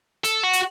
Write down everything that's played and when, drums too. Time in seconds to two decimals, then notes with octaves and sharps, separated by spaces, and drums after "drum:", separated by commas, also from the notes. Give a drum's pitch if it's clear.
0.24 A4, drum: hi-hat
0.44 F#4
0.53 drum: hi-hat